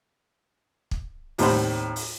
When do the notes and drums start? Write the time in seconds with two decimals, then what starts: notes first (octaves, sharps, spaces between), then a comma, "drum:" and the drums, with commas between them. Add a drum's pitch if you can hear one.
0.91 drum: kick
1.38 D#2 A2 C3 G3 C5 B5, drum: open hi-hat
1.96 drum: open hi-hat